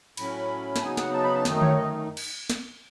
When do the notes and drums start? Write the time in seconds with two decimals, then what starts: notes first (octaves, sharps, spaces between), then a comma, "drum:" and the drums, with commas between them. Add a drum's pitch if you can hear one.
0.17 A2 F#3 C#4 B5, drum: cymbal
0.76 A5, drum: snare
0.81 C#3 F#3 B3 D#4 G#5
0.97 F#5, drum: snare
1.14 A5
1.24 B5
1.35 A5
1.45 F#2 D#3 A3 D#4, drum: snare
1.55 D#5
1.61 C#5, drum: tom D3
1.77 D#5
2.17 drum: cymbal
2.50 drum: snare